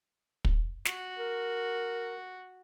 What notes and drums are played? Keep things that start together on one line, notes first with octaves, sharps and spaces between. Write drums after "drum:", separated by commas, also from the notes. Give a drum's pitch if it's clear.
drum: kick
F#4, drum: snare
A#4